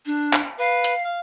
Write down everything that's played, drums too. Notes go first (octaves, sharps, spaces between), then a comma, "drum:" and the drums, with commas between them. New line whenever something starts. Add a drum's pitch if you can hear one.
D4
drum: clap
B4 F5
drum: hi-hat
F5